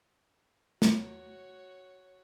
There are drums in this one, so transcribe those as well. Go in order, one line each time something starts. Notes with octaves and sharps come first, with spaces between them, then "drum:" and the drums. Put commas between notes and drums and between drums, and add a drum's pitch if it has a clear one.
F#4 C#5, drum: snare